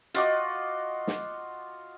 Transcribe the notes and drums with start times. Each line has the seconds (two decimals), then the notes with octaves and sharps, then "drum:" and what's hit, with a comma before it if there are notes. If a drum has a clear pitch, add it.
0.14 F4 F#4 D#5 D6, drum: hi-hat
1.07 drum: snare